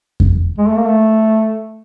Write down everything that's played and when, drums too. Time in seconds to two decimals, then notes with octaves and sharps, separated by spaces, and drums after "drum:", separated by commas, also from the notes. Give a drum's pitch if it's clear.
0.20 drum: kick F2
0.58 G#3
0.67 A3
0.76 A#3
0.86 A3